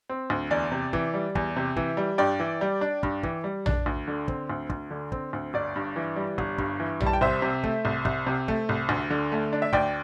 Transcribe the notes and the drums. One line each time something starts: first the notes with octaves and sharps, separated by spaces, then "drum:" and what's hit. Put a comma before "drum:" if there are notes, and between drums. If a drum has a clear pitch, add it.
C4
D2
E2 D5
C3
E3, drum: kick
G3
E2, drum: kick
C3
E3, drum: kick
G3
G2 D5 G5
E3
G3
D4
G2, drum: kick
E3, drum: kick
G3
D4, drum: tom A#1
D2
D3
C4, drum: kick
D2
D2, drum: kick
D3
C4, drum: kick
D2
G1 D5
G2
E3
G3
G1, drum: kick
G2, drum: kick
E3
G3, drum: tom A#1
A5
G5
C2 C5 E5
C3
A3, drum: kick
C2
C2, drum: kick
C3
A3, drum: kick
C2
D2
D3
A3
D4
E5
D2 D5 G5, drum: kick